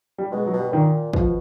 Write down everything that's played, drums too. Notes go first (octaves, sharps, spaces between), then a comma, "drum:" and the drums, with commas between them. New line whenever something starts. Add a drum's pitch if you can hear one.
G3
B2 G#3
F#3
B2
G3
A#2 D#3
B2 F3, drum: kick